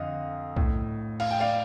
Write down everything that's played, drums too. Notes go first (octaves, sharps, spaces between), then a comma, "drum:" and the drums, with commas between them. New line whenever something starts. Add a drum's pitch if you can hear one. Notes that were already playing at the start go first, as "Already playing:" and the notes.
Already playing: F2 D3 D#5 F5
A2, drum: kick B1
F5, drum: cymbal
G5
D5 F5